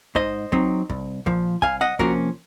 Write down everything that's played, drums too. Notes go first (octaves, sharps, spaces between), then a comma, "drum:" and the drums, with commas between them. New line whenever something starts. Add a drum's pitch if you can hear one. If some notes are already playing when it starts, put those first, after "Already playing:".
G#2 C5 D#5, drum: kick
F#3 C4 D#4, drum: kick
C2, drum: kick
A#2 F3, drum: kick
C2 F5 G#5, drum: kick
D#5 F#5
C3 F3 A#3 C#4 F#4 A#4, drum: kick